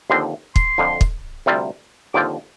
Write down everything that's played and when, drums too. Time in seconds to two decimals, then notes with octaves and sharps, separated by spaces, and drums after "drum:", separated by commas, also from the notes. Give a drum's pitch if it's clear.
0.10 D#2 D3 F3 C4 C6
0.56 C6, drum: kick
0.78 F2 D3 F3
1.01 drum: kick
1.46 D2 C3 G3 C4 F4
2.14 D#2 D3 F3 C4 F4 D6